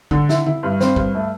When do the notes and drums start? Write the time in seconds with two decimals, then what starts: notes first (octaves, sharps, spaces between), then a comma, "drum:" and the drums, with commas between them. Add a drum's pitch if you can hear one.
0.11 D3, drum: kick
0.29 E4, drum: snare
0.46 E4, drum: tom D3
0.63 G2
0.80 C4, drum: snare
0.96 G2, drum: kick
1.14 A3